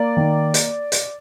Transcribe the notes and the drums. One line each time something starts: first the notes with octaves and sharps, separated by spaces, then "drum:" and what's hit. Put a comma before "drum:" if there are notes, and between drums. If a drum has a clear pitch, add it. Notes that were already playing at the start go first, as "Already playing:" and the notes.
Already playing: A#3 D5
D#3
drum: hi-hat
drum: hi-hat